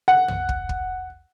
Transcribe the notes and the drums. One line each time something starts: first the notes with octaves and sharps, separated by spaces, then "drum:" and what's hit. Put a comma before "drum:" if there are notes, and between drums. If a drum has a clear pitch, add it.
F#5
drum: tom
drum: kick
drum: kick